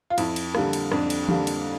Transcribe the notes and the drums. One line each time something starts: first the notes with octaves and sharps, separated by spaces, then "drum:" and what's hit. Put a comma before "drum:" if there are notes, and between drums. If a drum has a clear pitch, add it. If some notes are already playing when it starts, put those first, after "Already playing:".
F4
F2 E4, drum: cymbal
drum: cymbal
D3 G3 A#3, drum: rim click
drum: cymbal
F2 D4, drum: rim click
drum: cymbal
D3 G3 A#3, drum: tom E3
drum: cymbal